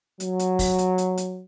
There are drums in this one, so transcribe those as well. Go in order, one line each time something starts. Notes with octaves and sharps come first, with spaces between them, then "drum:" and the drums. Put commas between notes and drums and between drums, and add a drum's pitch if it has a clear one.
F#3, drum: hi-hat
drum: hi-hat
drum: kick, open hi-hat
drum: hi-hat
drum: hi-hat
drum: hi-hat